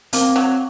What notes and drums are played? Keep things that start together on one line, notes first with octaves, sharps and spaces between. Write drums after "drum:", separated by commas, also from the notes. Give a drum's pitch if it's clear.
A#3 C4, drum: hi-hat
F#3